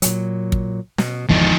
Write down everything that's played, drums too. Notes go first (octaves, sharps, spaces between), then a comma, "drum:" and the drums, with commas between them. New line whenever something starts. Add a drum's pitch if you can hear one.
A#2 F#3, drum: hi-hat
drum: kick
B2, drum: snare
G#1 E2 D3 F3 D#4